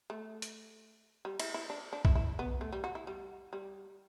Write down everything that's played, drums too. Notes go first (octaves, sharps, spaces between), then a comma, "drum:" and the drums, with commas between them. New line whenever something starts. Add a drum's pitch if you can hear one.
A3
drum: hi-hat
G3
E4, drum: cymbal
E4
D4
D4
E4, drum: kick B1
E4
B3
A3
G3
F#4
E4
G3
G3